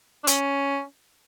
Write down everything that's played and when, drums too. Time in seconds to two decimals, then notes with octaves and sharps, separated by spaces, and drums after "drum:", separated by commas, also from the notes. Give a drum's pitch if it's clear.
0.24 D4
0.27 C#4, drum: hi-hat